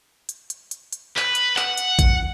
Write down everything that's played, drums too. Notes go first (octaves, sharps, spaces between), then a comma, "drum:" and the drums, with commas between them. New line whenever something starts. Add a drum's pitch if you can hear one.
drum: hi-hat
drum: hi-hat
drum: hi-hat
drum: hi-hat
B4, drum: clap
drum: hi-hat
F#5, drum: clap
drum: hi-hat
drum: kick A#1, hi-hat